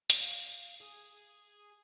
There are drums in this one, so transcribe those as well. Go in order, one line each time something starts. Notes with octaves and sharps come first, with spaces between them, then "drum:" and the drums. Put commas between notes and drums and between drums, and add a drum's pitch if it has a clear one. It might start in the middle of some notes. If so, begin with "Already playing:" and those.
drum: hi-hat
F5
G#4